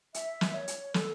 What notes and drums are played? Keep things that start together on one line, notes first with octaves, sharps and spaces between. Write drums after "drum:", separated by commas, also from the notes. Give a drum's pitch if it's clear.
E5, drum: hi-hat
drum: snare
C#5
drum: hi-hat
A4, drum: snare